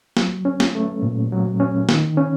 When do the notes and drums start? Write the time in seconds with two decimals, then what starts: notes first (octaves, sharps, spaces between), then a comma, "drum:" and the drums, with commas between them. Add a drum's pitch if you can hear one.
0.17 F#3, drum: snare
0.45 C#4
0.60 drum: snare
0.75 A3
1.02 A#2
1.32 F#3
1.60 C#4
1.89 D#3, drum: snare
2.17 C#4